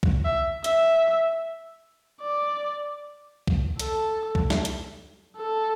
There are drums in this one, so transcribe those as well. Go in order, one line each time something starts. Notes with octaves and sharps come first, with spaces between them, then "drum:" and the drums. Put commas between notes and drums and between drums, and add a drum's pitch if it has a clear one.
drum: kick C2
E5
E5, drum: hi-hat
D5
drum: kick C2
A4, drum: hi-hat
drum: kick C2
drum: snare
drum: hi-hat
A4